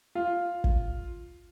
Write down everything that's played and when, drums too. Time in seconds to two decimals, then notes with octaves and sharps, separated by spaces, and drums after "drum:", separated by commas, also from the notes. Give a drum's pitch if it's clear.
0.15 F4
0.64 drum: kick